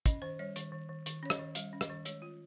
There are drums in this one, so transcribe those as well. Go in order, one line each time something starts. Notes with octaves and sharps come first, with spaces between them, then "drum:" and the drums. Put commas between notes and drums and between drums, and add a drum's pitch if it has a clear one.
C#4 D#5, drum: kick, hi-hat
D#3 C5
G3 C#5
D#3, drum: hi-hat
D#3
D#3
D#3, drum: hi-hat
C#4 C#5
D#5, drum: rim click
D#3
G3 F5, drum: hi-hat
C#4
D#5, drum: rim click
D#3
G#3 C#5, drum: hi-hat
F4